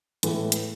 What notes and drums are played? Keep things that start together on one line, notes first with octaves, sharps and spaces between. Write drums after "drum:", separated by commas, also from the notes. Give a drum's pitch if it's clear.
A2 E3 G#3 B3, drum: hi-hat
drum: hi-hat